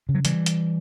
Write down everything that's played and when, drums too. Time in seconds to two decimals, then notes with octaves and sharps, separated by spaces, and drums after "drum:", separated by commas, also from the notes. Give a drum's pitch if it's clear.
0.09 C#3
0.15 F#3
0.25 E3 G3, drum: hi-hat
0.46 drum: hi-hat